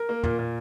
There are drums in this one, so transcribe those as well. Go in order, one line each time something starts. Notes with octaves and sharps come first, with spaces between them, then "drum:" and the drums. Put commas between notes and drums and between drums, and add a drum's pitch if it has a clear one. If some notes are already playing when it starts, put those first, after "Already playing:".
Already playing: A#4
A#3
A#2, drum: tom
A#2